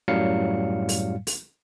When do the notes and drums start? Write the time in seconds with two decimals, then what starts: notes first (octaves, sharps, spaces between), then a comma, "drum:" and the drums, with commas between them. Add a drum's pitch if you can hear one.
0.08 F#2 A2 F#3 G3 F5 C#7
0.89 drum: open hi-hat
1.27 drum: open hi-hat